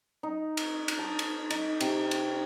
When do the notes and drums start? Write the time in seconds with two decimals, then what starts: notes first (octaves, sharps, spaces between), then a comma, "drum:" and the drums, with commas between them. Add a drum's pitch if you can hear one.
0.23 D#4
0.57 drum: cymbal
0.88 drum: cymbal
0.99 A5
1.19 drum: cymbal
1.50 D#4, drum: cymbal
1.81 C3, drum: cymbal
2.11 drum: cymbal